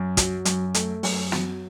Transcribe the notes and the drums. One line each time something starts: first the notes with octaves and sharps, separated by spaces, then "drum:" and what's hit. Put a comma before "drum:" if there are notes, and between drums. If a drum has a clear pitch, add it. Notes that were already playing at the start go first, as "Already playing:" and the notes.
Already playing: F#2
F#3, drum: kick, hi-hat
F#2, drum: hi-hat
A3, drum: hi-hat
F#2, drum: open hi-hat
F#3, drum: snare